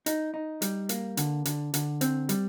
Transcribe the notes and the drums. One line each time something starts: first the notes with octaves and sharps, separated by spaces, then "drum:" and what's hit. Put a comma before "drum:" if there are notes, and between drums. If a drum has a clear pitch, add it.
D#4, drum: hi-hat
D#4
G3, drum: hi-hat
A#3, drum: hi-hat
D3, drum: hi-hat
D3, drum: hi-hat
D3, drum: hi-hat
C4, drum: hi-hat
G3, drum: hi-hat